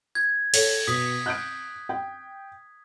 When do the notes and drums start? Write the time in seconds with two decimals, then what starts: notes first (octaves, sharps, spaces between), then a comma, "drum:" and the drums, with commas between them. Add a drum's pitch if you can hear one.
0.15 G#6
0.54 A4 C#5, drum: cymbal
0.87 B2 D#6 B6
1.26 F#6 G6 D7
1.89 G5